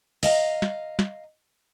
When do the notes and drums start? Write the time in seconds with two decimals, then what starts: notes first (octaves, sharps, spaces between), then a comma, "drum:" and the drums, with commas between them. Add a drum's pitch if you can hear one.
0.23 D#5 F5 A5 A#5, drum: open hi-hat
0.62 drum: snare
0.99 drum: snare